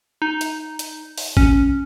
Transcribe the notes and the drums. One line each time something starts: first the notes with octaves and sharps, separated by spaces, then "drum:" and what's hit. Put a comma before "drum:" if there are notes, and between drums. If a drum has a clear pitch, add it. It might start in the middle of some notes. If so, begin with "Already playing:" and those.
D#4
drum: hi-hat
drum: hi-hat
drum: open hi-hat
C#4, drum: kick A1